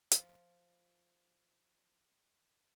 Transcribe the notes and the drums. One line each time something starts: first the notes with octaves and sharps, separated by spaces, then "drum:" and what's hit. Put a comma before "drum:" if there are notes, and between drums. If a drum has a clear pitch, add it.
F3 F4, drum: hi-hat